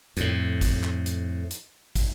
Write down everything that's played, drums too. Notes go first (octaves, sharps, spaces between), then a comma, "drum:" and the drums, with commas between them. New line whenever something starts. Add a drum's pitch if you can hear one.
F2 A2, drum: hi-hat
drum: kick, hi-hat
drum: clap
drum: hi-hat
drum: hi-hat
drum: kick, hi-hat